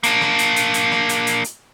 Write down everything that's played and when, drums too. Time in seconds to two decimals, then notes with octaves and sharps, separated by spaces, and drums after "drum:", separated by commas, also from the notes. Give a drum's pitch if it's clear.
0.03 A#3 D4, drum: hi-hat
0.21 drum: snare
0.39 drum: hi-hat
0.56 drum: hi-hat
0.74 drum: hi-hat
0.92 drum: snare
1.09 drum: hi-hat
1.27 drum: hi-hat
1.44 drum: hi-hat